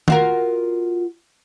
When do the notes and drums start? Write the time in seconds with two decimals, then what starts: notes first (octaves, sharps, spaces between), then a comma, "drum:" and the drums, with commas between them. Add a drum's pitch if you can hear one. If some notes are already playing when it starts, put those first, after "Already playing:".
0.08 F4 F#4 A#4, drum: tom